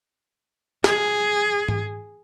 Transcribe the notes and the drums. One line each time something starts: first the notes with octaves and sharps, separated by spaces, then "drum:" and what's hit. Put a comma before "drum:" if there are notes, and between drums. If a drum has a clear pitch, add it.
G#4, drum: snare
drum: tom G#2